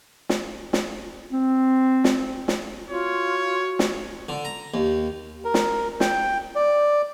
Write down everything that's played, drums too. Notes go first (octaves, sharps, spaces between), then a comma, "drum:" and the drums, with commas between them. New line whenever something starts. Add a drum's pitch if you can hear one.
drum: snare
drum: snare
C4
drum: snare
drum: snare
F4 F#4 C#5
drum: snare
D3
A#5
D#2
A#4
drum: snare
G5, drum: snare
D5